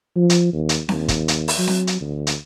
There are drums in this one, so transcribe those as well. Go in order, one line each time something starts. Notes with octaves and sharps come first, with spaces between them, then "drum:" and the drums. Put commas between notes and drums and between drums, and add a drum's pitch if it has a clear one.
F3
drum: hi-hat
D#2
drum: hi-hat
D#2, drum: snare C4
drum: kick, hi-hat
drum: hi-hat
drum: open hi-hat
F#3
drum: snare C4
drum: hi-hat
D2
drum: hi-hat